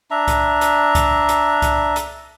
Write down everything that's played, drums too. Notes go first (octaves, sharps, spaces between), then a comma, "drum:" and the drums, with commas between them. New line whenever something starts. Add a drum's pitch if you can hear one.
D4 E5 A#5
drum: kick C2, hi-hat
drum: hi-hat
drum: kick C2, hi-hat
drum: hi-hat
drum: kick C2, hi-hat
drum: hi-hat